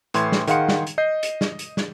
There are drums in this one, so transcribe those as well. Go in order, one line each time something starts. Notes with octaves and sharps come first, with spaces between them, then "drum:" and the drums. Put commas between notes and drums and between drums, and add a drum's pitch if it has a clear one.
A2 E3 C6 G#6, drum: hi-hat
drum: snare
D#3 G#4 F5 F#5 C6 C#7, drum: hi-hat
drum: snare
drum: hi-hat
D#5 G6 C7
drum: hi-hat
drum: snare
drum: hi-hat
drum: snare